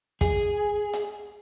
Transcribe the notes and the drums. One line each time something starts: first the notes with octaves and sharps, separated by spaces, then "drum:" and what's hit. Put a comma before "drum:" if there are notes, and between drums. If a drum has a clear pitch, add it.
G#4, drum: kick, hi-hat
drum: hi-hat